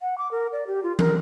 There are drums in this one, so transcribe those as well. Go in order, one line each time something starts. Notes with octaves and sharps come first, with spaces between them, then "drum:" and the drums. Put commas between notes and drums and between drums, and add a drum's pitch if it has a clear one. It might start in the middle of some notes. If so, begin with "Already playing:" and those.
F#5
D6
A#4
D5
G4
F4
A#4, drum: tom